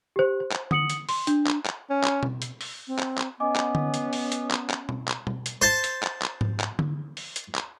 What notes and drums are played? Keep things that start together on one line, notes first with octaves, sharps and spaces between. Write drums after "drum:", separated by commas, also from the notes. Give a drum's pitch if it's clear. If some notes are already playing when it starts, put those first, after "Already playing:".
G4 C5
C5
drum: clap
F#5 D#6 C#7 F#7, drum: tom D3
drum: hi-hat
C6, drum: open hi-hat
D4, drum: hi-hat
drum: clap
drum: clap
C#4
drum: clap
drum: tom B2
drum: hi-hat
drum: open hi-hat
C4
drum: clap
drum: clap
B3 C#4 D#5 G#5 D6
drum: clap
drum: tom D3
drum: hi-hat
drum: open hi-hat
drum: hi-hat
drum: clap
drum: clap
drum: tom B2
drum: clap
drum: tom B2
drum: hi-hat
C5 A5
drum: hi-hat
drum: clap
drum: clap
drum: tom G#2
drum: clap
drum: tom D3
drum: open hi-hat
drum: hi-hat
drum: clap